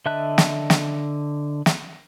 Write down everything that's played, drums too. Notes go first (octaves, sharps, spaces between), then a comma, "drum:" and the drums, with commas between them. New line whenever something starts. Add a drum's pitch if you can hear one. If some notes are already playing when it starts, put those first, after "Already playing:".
D3 D#5 E5 A5 F#6
drum: snare
drum: snare
drum: snare